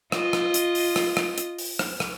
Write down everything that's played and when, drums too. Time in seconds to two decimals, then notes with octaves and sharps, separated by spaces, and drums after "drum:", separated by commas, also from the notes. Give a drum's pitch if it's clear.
0.12 F4 D#5, drum: rim click
0.33 drum: rim click
0.54 drum: hi-hat
0.75 drum: open hi-hat
0.96 drum: rim click
1.17 drum: rim click
1.38 drum: hi-hat
1.59 drum: open hi-hat
1.79 drum: rim click
2.00 drum: rim click